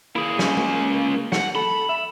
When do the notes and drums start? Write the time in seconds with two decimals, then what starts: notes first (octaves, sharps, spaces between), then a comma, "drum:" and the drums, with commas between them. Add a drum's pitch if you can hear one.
0.16 A#3 E4 G#4
0.39 G#3 C#4, drum: snare
0.57 drum: tom
1.32 F#5, drum: snare
1.55 A4 B5
1.89 E5